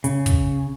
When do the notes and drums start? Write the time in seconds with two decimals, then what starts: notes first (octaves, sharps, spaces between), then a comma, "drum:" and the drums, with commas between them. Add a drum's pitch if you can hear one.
0.04 C#3, drum: hi-hat
0.26 drum: kick, hi-hat